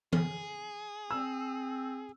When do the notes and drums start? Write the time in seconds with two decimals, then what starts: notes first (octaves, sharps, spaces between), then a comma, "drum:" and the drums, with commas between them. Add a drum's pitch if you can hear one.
0.13 G#4, drum: tom E3
1.11 C4 E6